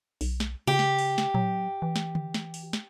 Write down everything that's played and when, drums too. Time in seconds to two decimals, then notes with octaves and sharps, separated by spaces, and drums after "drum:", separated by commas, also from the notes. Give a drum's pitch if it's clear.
0.21 B1, drum: open hi-hat
0.40 drum: snare
0.67 C#3 G4
0.79 drum: snare
0.98 drum: open hi-hat
1.18 drum: snare
1.34 F#3, drum: tom A2
1.82 E3
1.96 drum: snare
2.15 drum: tom D3
2.34 drum: snare
2.54 drum: open hi-hat
2.73 drum: snare